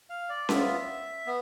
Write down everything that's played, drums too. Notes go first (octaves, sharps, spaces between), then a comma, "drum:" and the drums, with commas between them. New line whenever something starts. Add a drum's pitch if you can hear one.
F5
D5
B3 F4 E5, drum: snare C#4
B3